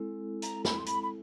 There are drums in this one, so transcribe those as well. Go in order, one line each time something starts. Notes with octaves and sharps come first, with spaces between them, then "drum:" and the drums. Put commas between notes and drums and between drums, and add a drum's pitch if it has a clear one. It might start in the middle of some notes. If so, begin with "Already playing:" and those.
Already playing: G#3 C4 E4 A4
A#5, drum: hi-hat
B5, drum: snare
C6
B5, drum: hi-hat
B5